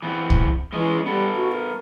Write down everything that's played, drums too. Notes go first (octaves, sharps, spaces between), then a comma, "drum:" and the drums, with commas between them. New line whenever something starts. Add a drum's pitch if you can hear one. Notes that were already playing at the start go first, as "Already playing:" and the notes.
E3 B3 C4
drum: kick
E3 G#3 C#4 D#5
G3 B3 A4
F#4
A#4